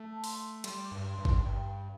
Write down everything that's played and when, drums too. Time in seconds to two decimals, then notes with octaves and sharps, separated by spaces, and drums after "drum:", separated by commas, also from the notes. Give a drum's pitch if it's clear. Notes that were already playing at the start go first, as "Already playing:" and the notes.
Already playing: A3
0.12 A5
0.24 C6, drum: open hi-hat
0.64 G3 C6, drum: cymbal
0.85 D6
0.92 G2
1.05 C6
1.18 G2
1.25 C6, drum: kick
1.46 G2 G5